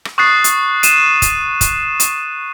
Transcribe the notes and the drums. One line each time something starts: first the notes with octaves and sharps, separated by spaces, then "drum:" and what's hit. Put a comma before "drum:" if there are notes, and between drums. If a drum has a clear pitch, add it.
drum: rim click
C#6 D#6 F#6 A6 C7
drum: hi-hat
D#7 E7, drum: hi-hat
drum: kick, hi-hat
drum: kick, hi-hat
drum: hi-hat